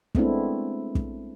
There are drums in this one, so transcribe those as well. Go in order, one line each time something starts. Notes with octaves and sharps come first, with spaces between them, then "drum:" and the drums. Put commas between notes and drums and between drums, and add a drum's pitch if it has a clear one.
G#3 A3 B3 C4 D4 E4, drum: kick
drum: kick